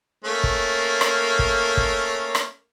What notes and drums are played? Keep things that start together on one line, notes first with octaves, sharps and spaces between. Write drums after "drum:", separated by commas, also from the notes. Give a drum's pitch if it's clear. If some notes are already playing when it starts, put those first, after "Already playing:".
A3 A#3 C#4
drum: kick
drum: rim click
drum: kick
drum: kick
drum: rim click